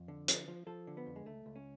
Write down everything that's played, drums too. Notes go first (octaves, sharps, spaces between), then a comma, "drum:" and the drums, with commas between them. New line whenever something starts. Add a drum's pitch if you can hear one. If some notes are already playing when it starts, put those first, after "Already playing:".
Already playing: F2
D3
F3, drum: hi-hat
F3
F3 A4
D3
B3
F2
G#3
C#2 A3
C#2
C#4